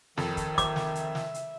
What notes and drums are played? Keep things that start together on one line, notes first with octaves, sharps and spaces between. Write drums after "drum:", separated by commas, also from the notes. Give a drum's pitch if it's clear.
F2 D#3 A4, drum: snare
drum: kick, hi-hat
E5 D6, drum: kick, hi-hat
drum: snare
drum: hi-hat
drum: snare
drum: hi-hat